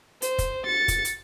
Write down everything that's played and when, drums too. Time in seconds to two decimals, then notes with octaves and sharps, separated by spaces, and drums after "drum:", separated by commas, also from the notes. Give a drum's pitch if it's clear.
0.22 C5, drum: hi-hat
0.38 drum: kick, hi-hat
0.66 A6 C#7
0.88 drum: kick, hi-hat
1.05 drum: hi-hat